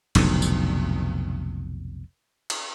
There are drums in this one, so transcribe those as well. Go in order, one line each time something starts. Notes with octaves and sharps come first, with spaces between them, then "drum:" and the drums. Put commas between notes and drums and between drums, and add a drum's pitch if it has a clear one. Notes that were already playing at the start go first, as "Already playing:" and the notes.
F1 B1 F2 D3, drum: cymbal
drum: tambourine
drum: cymbal